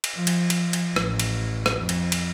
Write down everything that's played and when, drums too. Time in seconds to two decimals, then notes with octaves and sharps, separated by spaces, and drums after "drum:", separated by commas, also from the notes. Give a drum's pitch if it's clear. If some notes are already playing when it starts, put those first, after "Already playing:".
0.04 drum: cymbal
0.16 F3
0.27 drum: cymbal
0.50 drum: cymbal
0.73 drum: cymbal
0.96 A1, drum: rim click
1.20 drum: cymbal
1.66 drum: rim click
1.78 F2
1.89 drum: cymbal
2.12 drum: cymbal